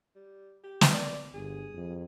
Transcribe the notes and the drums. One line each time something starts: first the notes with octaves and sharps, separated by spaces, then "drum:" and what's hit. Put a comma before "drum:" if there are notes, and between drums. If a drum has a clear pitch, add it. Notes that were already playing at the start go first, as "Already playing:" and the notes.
G3
G4
drum: snare
D5
G1 G#4
F2